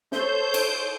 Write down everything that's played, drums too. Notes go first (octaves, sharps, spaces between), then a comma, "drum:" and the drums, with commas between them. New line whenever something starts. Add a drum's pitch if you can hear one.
A4 C5 C#5 G6, drum: snare
drum: cymbal